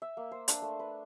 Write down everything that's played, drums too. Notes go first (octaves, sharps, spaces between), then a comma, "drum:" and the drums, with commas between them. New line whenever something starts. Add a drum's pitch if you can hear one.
E5
A#3
C5
D4, drum: hi-hat
A3
B4